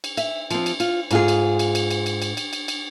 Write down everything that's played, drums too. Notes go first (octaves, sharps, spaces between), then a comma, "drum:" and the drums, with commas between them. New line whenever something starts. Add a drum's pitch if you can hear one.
drum: cymbal
E5, drum: cymbal
F3 C4, drum: cymbal
drum: cymbal
F4, drum: cymbal
G#2 F4 G#4, drum: cymbal
drum: cymbal
drum: cymbal
drum: cymbal
drum: cymbal
drum: cymbal
drum: cymbal
drum: cymbal
drum: cymbal
drum: cymbal